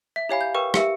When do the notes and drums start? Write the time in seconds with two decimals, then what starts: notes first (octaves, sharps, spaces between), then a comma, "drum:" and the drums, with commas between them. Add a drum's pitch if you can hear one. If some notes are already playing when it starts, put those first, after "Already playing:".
0.16 E5
0.29 E4 G4 C#5 F5 G#5 B5
0.41 G6
0.55 A#4 B4 G5 C#6
0.74 G4 A#4 E5 C#7, drum: rim click